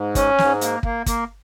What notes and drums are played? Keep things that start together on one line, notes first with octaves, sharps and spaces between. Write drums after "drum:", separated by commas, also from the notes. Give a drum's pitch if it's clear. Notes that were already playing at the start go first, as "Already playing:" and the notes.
Already playing: G#2
C#4, drum: kick, hi-hat
G#2, drum: snare
A#3, drum: hi-hat
A#3, drum: kick
A#3, drum: kick, hi-hat